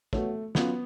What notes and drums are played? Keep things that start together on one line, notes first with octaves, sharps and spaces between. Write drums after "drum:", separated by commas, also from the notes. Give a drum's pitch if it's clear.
A3 B3 F#4 C#5, drum: kick
F#3 B3 C#4 F4, drum: snare